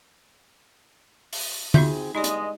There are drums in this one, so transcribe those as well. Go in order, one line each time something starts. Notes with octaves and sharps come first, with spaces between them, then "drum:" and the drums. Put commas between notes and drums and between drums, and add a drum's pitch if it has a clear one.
drum: open hi-hat
C4 D#4 F4 F#4 G#4 E5 C6 G6, drum: tom D3
E2 G2 G#3 D#4 G4 D5 D#5
drum: hi-hat